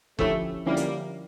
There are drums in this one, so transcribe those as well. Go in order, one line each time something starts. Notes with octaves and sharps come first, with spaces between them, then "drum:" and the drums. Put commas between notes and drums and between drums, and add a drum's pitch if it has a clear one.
D3 F3 A3 C#4 E4 G4, drum: kick F#1
D3 F3 G3 A#3 C#4 E4 G4
drum: hi-hat